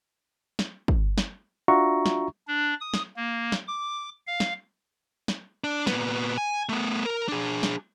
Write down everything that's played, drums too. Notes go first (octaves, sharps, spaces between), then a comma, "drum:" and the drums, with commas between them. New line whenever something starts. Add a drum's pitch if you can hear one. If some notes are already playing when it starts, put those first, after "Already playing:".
drum: snare
drum: kick
drum: snare
D4 F4 F#4 E5 A#5 C#6
drum: snare
D4
D#6
drum: snare
A#3
drum: snare
D6
F5
drum: snare
drum: snare
D4
A#2 B3, drum: snare
G#5
A3 B3
A#4
D4 G#4
drum: snare